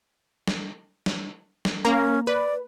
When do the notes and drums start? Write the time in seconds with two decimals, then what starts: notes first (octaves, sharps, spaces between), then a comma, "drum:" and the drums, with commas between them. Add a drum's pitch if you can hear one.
0.47 drum: snare
1.06 drum: snare
1.65 drum: snare
1.85 A#3 C#4 A#5
2.27 B4 D5